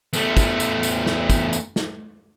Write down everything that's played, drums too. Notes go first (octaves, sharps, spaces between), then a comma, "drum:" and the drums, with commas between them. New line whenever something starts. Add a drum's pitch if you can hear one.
E2 A3, drum: tambourine
drum: kick, tambourine
drum: tambourine
drum: tambourine
drum: snare
drum: kick, tambourine
drum: tambourine
drum: snare